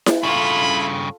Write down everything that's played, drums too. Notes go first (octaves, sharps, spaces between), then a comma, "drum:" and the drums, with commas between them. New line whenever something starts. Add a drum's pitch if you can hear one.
drum: snare E4
G2 C#3 E4 F4 A4 B5